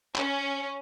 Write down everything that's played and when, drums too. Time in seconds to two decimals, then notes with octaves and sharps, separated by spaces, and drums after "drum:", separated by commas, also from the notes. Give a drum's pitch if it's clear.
0.16 C#4, drum: clap